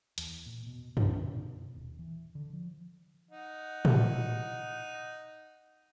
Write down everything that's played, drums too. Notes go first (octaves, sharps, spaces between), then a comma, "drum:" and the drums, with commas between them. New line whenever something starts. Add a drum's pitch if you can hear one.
E2, drum: hi-hat
A#2
B2
C2, drum: tom F#2
D3
B2
D#1
E3
D3
F3
D#4 F#5
drum: tom